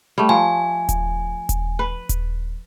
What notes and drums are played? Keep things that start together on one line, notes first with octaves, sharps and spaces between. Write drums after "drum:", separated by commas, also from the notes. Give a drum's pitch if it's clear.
G3 A3
F3 G#5
drum: kick D#1, hi-hat
drum: kick D#1, hi-hat
B4
drum: kick D#1, hi-hat